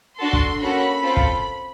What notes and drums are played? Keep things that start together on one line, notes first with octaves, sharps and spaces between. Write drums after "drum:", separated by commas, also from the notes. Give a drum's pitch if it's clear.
D4 F#4 A4 C6
drum: kick
A#3 C#4 F#4 A4 B5
C4 F4 A4
drum: kick